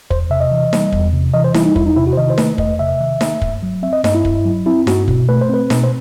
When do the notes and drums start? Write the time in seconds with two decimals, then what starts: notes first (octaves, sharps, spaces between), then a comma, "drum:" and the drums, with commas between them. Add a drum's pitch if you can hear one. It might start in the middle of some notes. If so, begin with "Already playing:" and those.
0.11 E2 C5, drum: kick
0.30 C3 E5
0.40 D#5
0.52 E3
0.73 G3, drum: snare D#4
0.92 E2, drum: kick
1.13 C3
1.34 E3 D#5
1.44 C5
1.54 G3 E4, drum: snare D#4
1.65 D#4
1.76 E2 E4, drum: kick
1.86 D#4
1.96 C3 E4
2.07 F#4
2.13 C5
2.17 D#3 D#5
2.30 C5
2.38 A3 B4, drum: snare D#4
2.58 E2 D#5, drum: kick
2.79 C3 E5
3.00 D#3
3.21 A3, drum: snare D#4
3.41 G2, drum: kick
3.63 F#3
3.83 C4 E5
3.93 D#5
4.04 G2 D#5, drum: snare D#4
4.15 E4
4.25 G2, drum: kick
4.45 F#3
4.66 C4 E4
4.87 G2 F#4, drum: snare D#4
5.08 B2, drum: kick
5.29 A3 B4
5.41 C5
5.49 C4 B4
5.70 B2, drum: snare D#4
5.84 C5